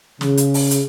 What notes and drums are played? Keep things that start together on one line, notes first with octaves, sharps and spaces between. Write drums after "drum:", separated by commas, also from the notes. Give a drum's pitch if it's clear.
C#3, drum: snare
drum: hi-hat
drum: open hi-hat
drum: hi-hat